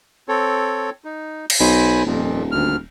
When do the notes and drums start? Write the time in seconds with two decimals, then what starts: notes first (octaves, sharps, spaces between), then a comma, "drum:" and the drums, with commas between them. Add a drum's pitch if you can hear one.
0.28 C4 A4 C#5
1.05 D#4
1.50 drum: cymbal
1.60 B1 C5 G#5 B5
2.06 D#1 F2 A#2
2.52 D2 F6